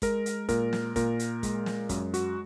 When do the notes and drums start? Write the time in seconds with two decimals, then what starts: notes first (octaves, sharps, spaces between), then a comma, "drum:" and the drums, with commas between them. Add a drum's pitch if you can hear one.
0.02 G#3 A#4, drum: kick, hi-hat
0.26 drum: hi-hat
0.49 A#2 A#4, drum: kick, hi-hat
0.73 drum: snare
0.96 A#2 A#4, drum: kick, hi-hat
1.19 drum: hi-hat
1.43 G#3, drum: kick, hi-hat
1.66 drum: snare
1.89 F#2, drum: kick, hi-hat
2.14 F#4, drum: hi-hat